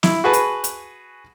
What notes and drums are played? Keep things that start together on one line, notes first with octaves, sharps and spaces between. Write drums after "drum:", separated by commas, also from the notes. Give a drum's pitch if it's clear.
E4, drum: snare
F#4 G#4 B4 A5
drum: hi-hat
drum: hi-hat